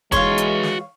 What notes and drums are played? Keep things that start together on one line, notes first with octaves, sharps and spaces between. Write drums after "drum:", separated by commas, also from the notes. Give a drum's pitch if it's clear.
E3 G#3 F#4 C#5 F5 C6, drum: kick, hi-hat
drum: hi-hat
drum: snare